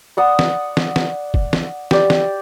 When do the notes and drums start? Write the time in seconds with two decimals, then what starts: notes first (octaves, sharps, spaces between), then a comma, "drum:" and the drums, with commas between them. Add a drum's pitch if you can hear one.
0.17 D5 F#5 D#6
0.39 drum: snare
0.77 drum: snare
0.96 drum: snare
1.34 drum: kick
1.53 drum: snare
1.91 G4 D5, drum: snare
2.10 drum: snare